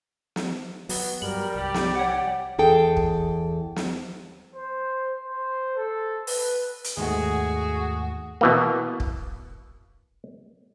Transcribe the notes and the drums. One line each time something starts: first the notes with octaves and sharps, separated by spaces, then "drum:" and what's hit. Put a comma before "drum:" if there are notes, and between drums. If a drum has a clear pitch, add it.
drum: snare
F#3 B3, drum: open hi-hat
G2 F#3 G3 A#4 F#7
C2 G4 D5
drum: snare
C#5 F#5
E2 G#4 A4 G5
drum: kick
drum: snare
C5
C5
A4
B4, drum: open hi-hat
drum: hi-hat
D#2 G#2 A3 F#4 G#4
B2 E3 A#3
drum: kick